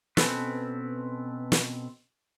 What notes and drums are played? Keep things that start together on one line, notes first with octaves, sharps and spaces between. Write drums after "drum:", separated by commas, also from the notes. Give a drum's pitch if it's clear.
B2 C4 C#4 F4 A4 B4, drum: snare
drum: snare